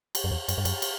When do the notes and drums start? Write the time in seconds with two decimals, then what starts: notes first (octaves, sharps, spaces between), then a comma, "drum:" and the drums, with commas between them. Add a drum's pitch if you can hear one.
0.15 drum: cymbal
0.24 F#2
0.31 E2
0.49 F#2, drum: cymbal
0.58 G2
0.65 F#2, drum: cymbal
0.82 drum: cymbal